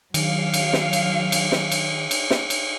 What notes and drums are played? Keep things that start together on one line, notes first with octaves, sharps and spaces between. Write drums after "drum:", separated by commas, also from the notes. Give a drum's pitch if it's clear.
D#3 F#3 F5, drum: cymbal
drum: cymbal
drum: snare
drum: cymbal
drum: cymbal
drum: snare
drum: cymbal
drum: cymbal
drum: snare
drum: cymbal